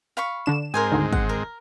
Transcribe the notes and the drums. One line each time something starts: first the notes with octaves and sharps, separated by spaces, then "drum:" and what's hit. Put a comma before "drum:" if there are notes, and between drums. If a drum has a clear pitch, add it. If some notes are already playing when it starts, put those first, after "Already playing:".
F5 B5 C#6
D3 D4 E7
G#2 G#3 C4 A#4 C5 G#5
D2 D#3
F#5, drum: kick
A#4